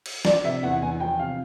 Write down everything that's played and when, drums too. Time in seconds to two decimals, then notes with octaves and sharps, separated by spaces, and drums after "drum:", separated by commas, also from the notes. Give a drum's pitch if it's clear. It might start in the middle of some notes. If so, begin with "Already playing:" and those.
0.06 drum: cymbal
0.25 F3 D5, drum: snare
0.44 C3 E5
0.63 E2 F#5
0.82 E2 G#5
1.00 F3 G5
1.19 C3 F5